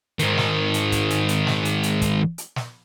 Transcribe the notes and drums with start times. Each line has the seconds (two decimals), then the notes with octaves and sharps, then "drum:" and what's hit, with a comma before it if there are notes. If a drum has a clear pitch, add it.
0.19 G#2 D#3, drum: hi-hat
0.37 drum: snare
0.74 drum: hi-hat
0.92 drum: kick, hi-hat
1.10 drum: hi-hat
1.29 drum: hi-hat
1.47 drum: snare
1.65 drum: hi-hat
1.83 drum: hi-hat
2.02 drum: kick, hi-hat
2.38 drum: hi-hat
2.56 drum: snare